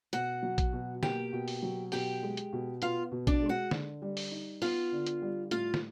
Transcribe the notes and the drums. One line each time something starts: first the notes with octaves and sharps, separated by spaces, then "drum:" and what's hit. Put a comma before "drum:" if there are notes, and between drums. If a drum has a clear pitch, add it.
B2 F#4 F#5, drum: hi-hat
F#3
drum: kick A#1, hi-hat
B2
A#3 G4 G5, drum: snare
B2
drum: open hi-hat
F#3
B2 G4 G5, drum: open hi-hat
G#3
drum: hi-hat
B2
B3 F4 F5, drum: hi-hat
B2
D4 D5, drum: kick A#1, hi-hat
G#3
F#4 F#5
D3, drum: snare
G3
drum: open hi-hat
D#4
B3 F4 F5, drum: open hi-hat
D3
drum: hi-hat
G3
A2 F4 F5, drum: hi-hat
drum: snare